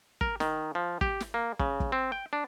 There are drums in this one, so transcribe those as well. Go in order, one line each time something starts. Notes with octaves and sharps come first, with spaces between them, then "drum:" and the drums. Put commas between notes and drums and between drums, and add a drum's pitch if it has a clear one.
A#4, drum: kick
D#3, drum: snare
F3
G4, drum: kick
drum: snare
A#3
C#3, drum: kick
drum: kick
C4
G5
D4